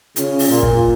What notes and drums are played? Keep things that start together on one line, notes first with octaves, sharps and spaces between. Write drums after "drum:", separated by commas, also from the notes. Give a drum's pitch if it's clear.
C#3 F4, drum: hi-hat
F4, drum: open hi-hat
A#2
F4, drum: kick